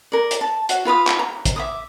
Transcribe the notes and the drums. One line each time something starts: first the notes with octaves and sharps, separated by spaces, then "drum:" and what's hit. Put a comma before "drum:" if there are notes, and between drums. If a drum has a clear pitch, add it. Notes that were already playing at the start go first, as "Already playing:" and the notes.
A#4 D5
drum: hi-hat
A5
F#4, drum: hi-hat
F4 B4 F5 D#6
drum: clap
A#5
drum: kick, hi-hat
E5 D6 D#6